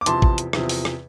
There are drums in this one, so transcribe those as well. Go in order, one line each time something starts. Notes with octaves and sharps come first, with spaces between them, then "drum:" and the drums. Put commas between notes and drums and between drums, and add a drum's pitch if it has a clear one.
D6
E2 C3 F3 A5 C6, drum: hi-hat
drum: kick A1
drum: hi-hat
E2 C3 F3, drum: rim click
drum: open hi-hat
drum: rim click